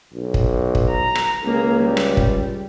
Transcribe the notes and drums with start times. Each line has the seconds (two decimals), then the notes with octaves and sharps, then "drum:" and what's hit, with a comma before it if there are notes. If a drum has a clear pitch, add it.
0.14 B1
0.34 drum: kick
0.75 drum: kick
0.91 A#5
1.15 drum: rim click
1.44 C#2 A#3 G#4
1.82 G3
1.97 drum: rim click
2.17 drum: kick